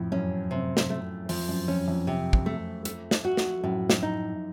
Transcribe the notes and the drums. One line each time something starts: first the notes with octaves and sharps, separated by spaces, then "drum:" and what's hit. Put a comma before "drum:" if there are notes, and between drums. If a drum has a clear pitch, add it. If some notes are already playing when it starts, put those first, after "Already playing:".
Already playing: F2 A2
F#2 C#4
F#2 C3
drum: snare
A3
F2 F3, drum: open hi-hat
F#2
F2 C#4
F2
C3
drum: kick
A3
A3, drum: hi-hat
drum: snare
F#4
drum: snare
F#2 A2
drum: snare
D#4